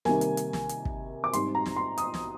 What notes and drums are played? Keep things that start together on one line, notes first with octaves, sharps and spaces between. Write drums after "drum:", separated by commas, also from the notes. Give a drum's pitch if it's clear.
C3 D#3 G3 A#3 G#5, drum: snare
drum: hi-hat
drum: hi-hat
drum: snare
drum: hi-hat
drum: kick
D6
G#2 G3 C4 D#4 C6, drum: hi-hat
A#5
drum: snare
C6
D#6, drum: hi-hat
drum: snare